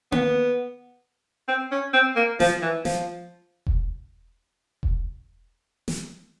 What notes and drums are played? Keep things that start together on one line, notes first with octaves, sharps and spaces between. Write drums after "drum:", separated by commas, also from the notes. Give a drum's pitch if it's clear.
B3, drum: tom A#3
C4
C#4
C4
A#3
F3, drum: snare
E3
F3, drum: snare
drum: kick E1
drum: kick E1
drum: snare